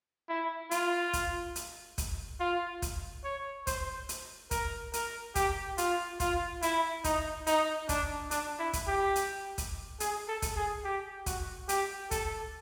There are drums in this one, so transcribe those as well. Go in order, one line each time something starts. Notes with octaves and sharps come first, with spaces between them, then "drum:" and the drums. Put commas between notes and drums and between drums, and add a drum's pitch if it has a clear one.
E4
F4, drum: hi-hat
drum: kick, hi-hat
drum: hi-hat
drum: kick, hi-hat
F4
drum: kick, hi-hat
C#5
C5, drum: kick, hi-hat
drum: hi-hat
A#4, drum: kick, hi-hat
A#4, drum: hi-hat
G4, drum: kick, hi-hat
F4, drum: hi-hat
F4, drum: kick, hi-hat
E4, drum: hi-hat
D#4, drum: kick, hi-hat
D#4, drum: hi-hat
D4, drum: kick, hi-hat
D4, drum: hi-hat
E4
drum: kick, hi-hat
G4
drum: hi-hat
drum: kick, hi-hat
G#4, drum: hi-hat
A4
drum: kick, hi-hat
G#4
G4
F#4, drum: kick, hi-hat
G4, drum: hi-hat
A4, drum: kick, hi-hat